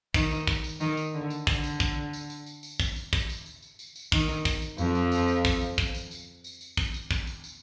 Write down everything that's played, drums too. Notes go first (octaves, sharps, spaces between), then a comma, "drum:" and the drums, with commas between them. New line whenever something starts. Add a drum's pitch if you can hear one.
D#3, drum: kick, tambourine
drum: tambourine
drum: kick, tambourine
drum: tambourine
D#3, drum: tambourine
drum: tambourine
D3
drum: tambourine
D3, drum: kick, tambourine
drum: tambourine
drum: kick, tambourine
drum: tambourine
drum: tambourine
drum: tambourine
drum: tambourine
drum: kick, tambourine
drum: tambourine
drum: kick, tambourine
drum: tambourine
drum: tambourine
drum: tambourine
drum: tambourine
drum: tambourine
D#3, drum: kick, tambourine
drum: tambourine
drum: kick, tambourine
drum: tambourine
F2 F3, drum: tambourine
drum: tambourine
drum: tambourine
drum: tambourine
drum: kick, tambourine
drum: tambourine
drum: kick, tambourine
drum: tambourine
drum: tambourine
drum: tambourine
drum: tambourine
drum: kick, tambourine
drum: tambourine
drum: kick, tambourine
drum: tambourine
drum: tambourine